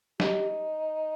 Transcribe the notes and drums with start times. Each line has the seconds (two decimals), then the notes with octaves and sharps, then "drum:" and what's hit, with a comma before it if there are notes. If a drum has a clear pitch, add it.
0.20 D#4 G4, drum: snare